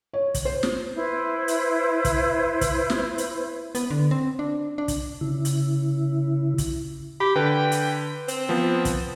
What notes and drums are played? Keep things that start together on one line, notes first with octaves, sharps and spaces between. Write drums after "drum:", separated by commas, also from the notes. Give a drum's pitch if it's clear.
C#5
drum: kick, hi-hat
C5
drum: snare
E4 B4 C5
drum: hi-hat
drum: kick, hi-hat
drum: kick, hi-hat
drum: snare
drum: hi-hat
B3, drum: hi-hat
D3
C4
D4
D4
drum: kick, hi-hat
C#3 E4
drum: hi-hat
drum: kick, hi-hat
G4 B5
D3 B4 G5
drum: hi-hat
C4, drum: hi-hat
F3 B3
drum: kick, hi-hat